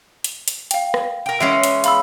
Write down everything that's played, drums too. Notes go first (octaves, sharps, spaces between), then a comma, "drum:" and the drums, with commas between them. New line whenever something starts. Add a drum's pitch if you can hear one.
drum: hi-hat
drum: hi-hat
F5 G5, drum: hi-hat
drum: rim click
A#4 G5
E3 G#3 C#4 E5 C7
drum: hi-hat
F5 B5 E6, drum: hi-hat